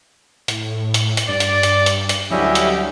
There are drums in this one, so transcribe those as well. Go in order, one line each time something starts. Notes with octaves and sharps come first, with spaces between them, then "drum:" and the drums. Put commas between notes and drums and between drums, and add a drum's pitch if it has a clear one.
A2, drum: hi-hat
drum: hi-hat
drum: hi-hat
G2 D5
drum: hi-hat
drum: hi-hat
drum: hi-hat
drum: hi-hat
D2 F#3 G3 C#4 E4 G4 D#5 E5
drum: hi-hat